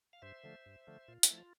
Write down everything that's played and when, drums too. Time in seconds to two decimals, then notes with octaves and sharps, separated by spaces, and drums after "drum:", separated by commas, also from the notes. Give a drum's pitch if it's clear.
0.13 F5
0.22 G2 C5 E5
0.44 D3 F3 A3
0.66 G2
0.87 D3 F3 A3
1.08 A#2 F4
1.23 E4, drum: hi-hat
1.31 F3 A3
1.38 F4